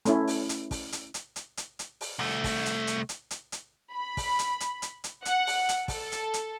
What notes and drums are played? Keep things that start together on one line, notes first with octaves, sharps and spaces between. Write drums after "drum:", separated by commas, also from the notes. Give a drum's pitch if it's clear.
A3 C#4 E4, drum: hi-hat
drum: open hi-hat
drum: hi-hat
drum: kick, open hi-hat
drum: hi-hat
drum: hi-hat
drum: hi-hat
drum: hi-hat
drum: hi-hat
drum: open hi-hat
C2 A3
drum: kick, open hi-hat
drum: hi-hat
drum: hi-hat
drum: hi-hat
drum: hi-hat
drum: hi-hat
B5
drum: kick, open hi-hat
drum: hi-hat
drum: hi-hat
drum: hi-hat
drum: hi-hat
F#5, drum: hi-hat
drum: open hi-hat
drum: hi-hat
A4, drum: kick, open hi-hat
drum: hi-hat
drum: hi-hat